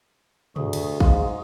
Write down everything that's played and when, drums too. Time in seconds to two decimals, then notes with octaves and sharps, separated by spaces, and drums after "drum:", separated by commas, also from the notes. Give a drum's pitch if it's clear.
0.56 D2 F#4 G#4, drum: tom
0.73 drum: cymbal
1.00 G#2 F5 C6, drum: kick A1